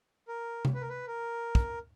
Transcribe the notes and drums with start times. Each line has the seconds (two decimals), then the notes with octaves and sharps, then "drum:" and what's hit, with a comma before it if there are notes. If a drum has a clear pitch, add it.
0.28 A#4
0.65 drum: tom C3
0.74 B4
0.81 A#4
0.89 B4
1.07 A#4
1.55 drum: kick